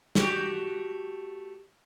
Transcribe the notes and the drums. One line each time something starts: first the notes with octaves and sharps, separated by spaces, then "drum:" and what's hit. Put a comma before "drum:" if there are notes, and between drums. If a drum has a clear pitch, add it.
A3 F#4 G4, drum: snare